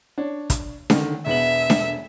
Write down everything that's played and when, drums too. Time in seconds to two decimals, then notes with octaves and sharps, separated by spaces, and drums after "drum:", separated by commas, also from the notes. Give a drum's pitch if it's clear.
0.18 D4 C#5
0.50 drum: kick, hi-hat
0.90 D3 D#3, drum: snare D4
1.27 E1 B3 E5 F#7
1.70 drum: snare D4